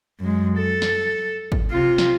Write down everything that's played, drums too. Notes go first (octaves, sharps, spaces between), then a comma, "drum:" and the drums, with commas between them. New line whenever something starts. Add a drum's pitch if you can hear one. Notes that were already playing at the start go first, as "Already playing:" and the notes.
F#2 G#3
A4
drum: snare
drum: kick
C3 F4
drum: snare